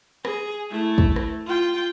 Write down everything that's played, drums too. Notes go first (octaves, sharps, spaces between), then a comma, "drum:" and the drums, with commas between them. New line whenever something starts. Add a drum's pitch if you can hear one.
G#4, drum: rim click
A3 E4
drum: kick
drum: rim click
F4 G5